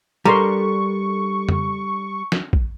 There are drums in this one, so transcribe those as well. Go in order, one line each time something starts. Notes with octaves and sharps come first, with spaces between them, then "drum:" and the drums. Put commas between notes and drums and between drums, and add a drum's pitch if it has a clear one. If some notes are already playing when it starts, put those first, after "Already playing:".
G3 D4 A4 A#4 A#5 C6 C#6
drum: tom
drum: snare
drum: kick A#1